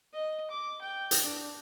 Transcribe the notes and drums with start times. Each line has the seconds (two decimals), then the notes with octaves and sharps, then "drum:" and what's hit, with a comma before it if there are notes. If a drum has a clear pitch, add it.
0.13 D#5
0.51 D6
0.82 G5
1.11 drum: hi-hat
1.24 D4